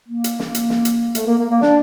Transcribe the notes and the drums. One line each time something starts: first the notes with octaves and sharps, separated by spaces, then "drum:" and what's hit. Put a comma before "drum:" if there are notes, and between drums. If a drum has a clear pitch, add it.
A#3
drum: hi-hat
drum: snare
drum: hi-hat
drum: snare
drum: hi-hat
A3, drum: hi-hat
A#3
A#3
A#3
D4, drum: snare